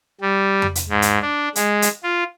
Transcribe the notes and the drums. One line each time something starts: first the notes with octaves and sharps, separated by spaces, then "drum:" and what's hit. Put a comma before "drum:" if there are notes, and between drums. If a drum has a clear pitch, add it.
G3
drum: tom F2
drum: hi-hat
G#2
drum: hi-hat
D4
G#3, drum: hi-hat
drum: hi-hat
F4